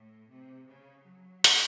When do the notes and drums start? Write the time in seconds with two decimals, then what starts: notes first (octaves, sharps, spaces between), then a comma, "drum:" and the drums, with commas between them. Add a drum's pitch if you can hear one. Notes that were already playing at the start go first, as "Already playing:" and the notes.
Already playing: A2
0.29 C3
0.67 C#3
1.04 F#3
1.44 drum: hi-hat